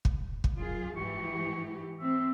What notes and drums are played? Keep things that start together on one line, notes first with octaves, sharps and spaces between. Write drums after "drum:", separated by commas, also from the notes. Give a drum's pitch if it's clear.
drum: kick
drum: kick
F#2 F4 G#4
G#2 E3 G4 C#6
C4 E5